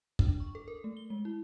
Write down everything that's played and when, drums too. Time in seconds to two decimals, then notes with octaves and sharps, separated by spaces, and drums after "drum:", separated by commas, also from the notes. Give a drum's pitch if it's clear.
0.19 D4, drum: kick
0.40 C#6
0.55 A4
0.68 A#4
0.84 A3
0.97 G7
1.10 G#3
1.25 E4